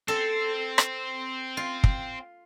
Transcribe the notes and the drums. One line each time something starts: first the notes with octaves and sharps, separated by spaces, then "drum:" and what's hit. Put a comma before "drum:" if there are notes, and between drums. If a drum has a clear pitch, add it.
C4 A4
drum: rim click
F4
drum: kick